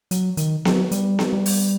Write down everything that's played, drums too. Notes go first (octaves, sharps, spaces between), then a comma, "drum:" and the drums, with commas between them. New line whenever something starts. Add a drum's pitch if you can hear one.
F#3, drum: hi-hat
D#3, drum: hi-hat
F#3, drum: snare B3
G3, drum: hi-hat
drum: snare B3
G3
drum: open hi-hat